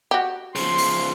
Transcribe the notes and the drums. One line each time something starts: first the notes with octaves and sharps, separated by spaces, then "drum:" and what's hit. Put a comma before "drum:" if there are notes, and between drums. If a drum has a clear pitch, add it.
F#4 G4
C#3 F3 C6, drum: open hi-hat
drum: open hi-hat